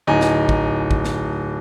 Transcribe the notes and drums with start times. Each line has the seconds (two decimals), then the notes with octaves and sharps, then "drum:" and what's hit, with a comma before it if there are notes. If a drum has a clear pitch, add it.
0.07 D1 D#4 G#5
0.21 drum: snare
0.49 drum: kick
0.91 drum: kick
1.05 drum: snare